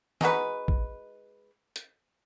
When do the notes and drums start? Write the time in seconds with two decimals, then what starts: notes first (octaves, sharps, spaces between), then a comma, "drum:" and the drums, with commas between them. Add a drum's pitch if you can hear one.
0.21 G#3 D#4 F#4 B4, drum: snare
0.68 drum: kick
1.76 drum: hi-hat